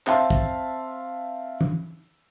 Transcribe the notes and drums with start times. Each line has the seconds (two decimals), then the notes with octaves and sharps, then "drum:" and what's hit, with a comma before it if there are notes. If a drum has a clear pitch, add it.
0.07 C4 E5 F5 A5 C6, drum: clap
0.30 drum: kick
1.61 drum: tom